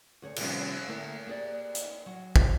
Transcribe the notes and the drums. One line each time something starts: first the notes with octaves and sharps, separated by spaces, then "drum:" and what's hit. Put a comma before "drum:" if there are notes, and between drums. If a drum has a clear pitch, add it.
D2 G#4 C#5
C3 D#3 F3 G3 B3 C#4, drum: cymbal
D3 A3 A#3 E4
A#3 G4 G#4 D5
drum: hi-hat
F#3
drum: kick